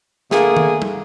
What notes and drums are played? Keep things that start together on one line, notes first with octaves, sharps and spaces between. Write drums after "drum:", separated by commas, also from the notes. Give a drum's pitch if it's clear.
D3 A3 A#3 G#4, drum: snare
drum: tom D#3
drum: tom